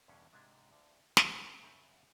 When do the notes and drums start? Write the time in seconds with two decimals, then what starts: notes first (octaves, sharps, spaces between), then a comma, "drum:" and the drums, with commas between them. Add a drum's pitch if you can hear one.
0.08 E2 G2 B2 D3 C#4
0.32 G#2 C3 G#3 D4 E5 G5
0.71 D2 D3 F4
1.17 F3, drum: snare
1.60 F#2 C#3 C4 A#4 E5